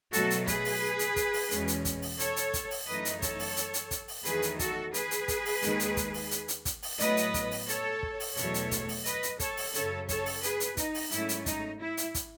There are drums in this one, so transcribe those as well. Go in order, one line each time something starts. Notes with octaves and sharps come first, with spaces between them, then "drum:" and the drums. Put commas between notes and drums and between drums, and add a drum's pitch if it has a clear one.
B2 F#3 A3 F#4 A4, drum: hi-hat
drum: hi-hat
G#4 B4, drum: kick, hi-hat
drum: open hi-hat
drum: hi-hat
drum: kick, hi-hat
drum: open hi-hat
E2 B2 G#3 C#4, drum: hi-hat
drum: hi-hat
drum: kick, hi-hat
drum: open hi-hat
A4 C#5, drum: hi-hat
drum: hi-hat
drum: kick, hi-hat
drum: open hi-hat
F#2 E3 A3 D#4 B4 D#5
drum: hi-hat
A4 C#5, drum: kick, hi-hat
drum: open hi-hat
drum: hi-hat
drum: hi-hat
drum: kick, hi-hat
drum: open hi-hat
E2 D#3 F#3 A3 G#4 B4, drum: hi-hat
drum: hi-hat
F#4 A4, drum: kick, hi-hat
G#4 B4, drum: hi-hat
drum: hi-hat
drum: kick, hi-hat
drum: open hi-hat
D#2 D#3 G#3, drum: hi-hat
drum: hi-hat
drum: kick, hi-hat
drum: open hi-hat
drum: hi-hat
drum: hi-hat
drum: kick, hi-hat
drum: open hi-hat
A2 F#3 B3 B4 D#5, drum: hi-hat
drum: hi-hat
drum: kick, hi-hat
drum: open hi-hat
A4 C#5, drum: hi-hat
drum: kick
drum: open hi-hat
E2 B2 F#3 A3 A4 C#5, drum: hi-hat
drum: hi-hat
drum: kick, hi-hat
drum: open hi-hat
B4 D#5, drum: hi-hat
drum: hi-hat
A4 C#5, drum: kick, hi-hat
drum: open hi-hat
F#2 C#3 F#3 C#4 A4 C#5, drum: hi-hat
A4 C#5, drum: kick, hi-hat
drum: open hi-hat
G#4 B4, drum: hi-hat
drum: hi-hat
D#4, drum: kick, hi-hat
drum: open hi-hat
G#2 F#3 A3 C#4 E4, drum: hi-hat
drum: hi-hat
D#4, drum: kick, hi-hat
E4
drum: hi-hat
drum: kick, hi-hat